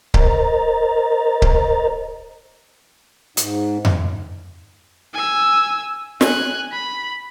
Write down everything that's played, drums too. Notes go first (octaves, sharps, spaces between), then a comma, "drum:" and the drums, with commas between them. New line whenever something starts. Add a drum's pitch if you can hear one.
A#4 C5 D#5 A#5 A6, drum: kick C#1
drum: kick C#1
G#2, drum: hi-hat
drum: tom F2
G#5 E6
G#5 F#6, drum: snare
B5